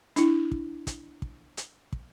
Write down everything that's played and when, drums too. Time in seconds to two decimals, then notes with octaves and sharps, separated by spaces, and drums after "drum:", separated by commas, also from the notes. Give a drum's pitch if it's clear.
0.16 D4 E4, drum: hi-hat
0.52 drum: kick
0.87 drum: kick, hi-hat
1.22 drum: kick
1.57 drum: hi-hat
1.93 drum: kick